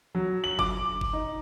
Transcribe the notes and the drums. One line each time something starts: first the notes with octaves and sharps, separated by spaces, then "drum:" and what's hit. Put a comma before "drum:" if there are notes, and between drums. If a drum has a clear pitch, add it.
F#3
F#7
D6, drum: kick F#1
drum: kick F#1
D#4